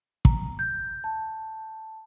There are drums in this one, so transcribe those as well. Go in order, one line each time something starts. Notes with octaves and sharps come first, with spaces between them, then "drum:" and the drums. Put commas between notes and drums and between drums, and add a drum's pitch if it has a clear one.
A#5, drum: kick
G6
A5